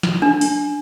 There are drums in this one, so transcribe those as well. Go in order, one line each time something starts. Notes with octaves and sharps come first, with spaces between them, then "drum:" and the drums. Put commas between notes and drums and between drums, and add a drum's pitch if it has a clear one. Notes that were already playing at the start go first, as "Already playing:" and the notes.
drum: snare
D4
drum: open hi-hat